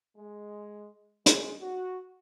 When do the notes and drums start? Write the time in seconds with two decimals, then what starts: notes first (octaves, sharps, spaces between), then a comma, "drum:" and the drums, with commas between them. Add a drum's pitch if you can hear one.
0.17 G#3
1.26 G#3, drum: hi-hat
1.60 F#4